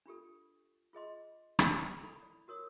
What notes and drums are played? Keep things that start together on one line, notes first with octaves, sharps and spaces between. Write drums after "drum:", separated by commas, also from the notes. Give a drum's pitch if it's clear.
D4 F4 G4 A4
F4 G#4 D#5 C6
drum: rim click
E4 A4 B5
D5
F#4 A#4 C#5 D#6